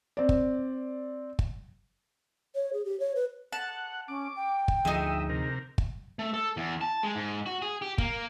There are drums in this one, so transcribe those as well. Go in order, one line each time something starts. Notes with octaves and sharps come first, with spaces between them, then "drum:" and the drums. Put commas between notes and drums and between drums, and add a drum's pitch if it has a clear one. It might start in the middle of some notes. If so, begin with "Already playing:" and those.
C4 D5
drum: kick
drum: kick
C#5
G#4
G4
C#5
B4
F#5 A5
C#4 D6
G5
drum: kick
D2 F3 D#4 G#4 D#5 E5
C3 A#4
drum: kick
A3
A4
E2
A5
G#3
G#2
F#4
G#4
G4
A#3, drum: kick